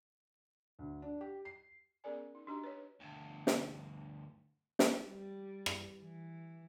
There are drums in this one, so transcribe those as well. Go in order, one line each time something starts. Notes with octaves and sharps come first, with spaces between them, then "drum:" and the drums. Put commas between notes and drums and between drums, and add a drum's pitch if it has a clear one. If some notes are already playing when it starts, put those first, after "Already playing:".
D2
D4
G4
C7
B3 C#4 G#4 A#4 D5 G#5
D#4
D4 F#4 G4 D#5 A#5
B4 C#5
D2 G2
drum: snare
drum: snare
G3
drum: rim click
E3